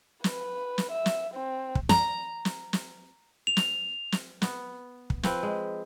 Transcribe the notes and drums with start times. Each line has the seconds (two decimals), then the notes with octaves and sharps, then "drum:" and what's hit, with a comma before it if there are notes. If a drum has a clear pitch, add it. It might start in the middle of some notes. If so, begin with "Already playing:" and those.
0.24 B4, drum: snare
0.78 drum: snare
0.91 E5
1.06 drum: snare
1.34 C4
1.75 drum: kick
1.89 A#5, drum: snare
2.45 drum: snare
2.73 drum: snare
3.47 F7
3.57 drum: snare
4.12 drum: snare
4.42 B3, drum: snare
5.10 drum: kick
5.23 F3 C4 B4, drum: snare
5.43 G#3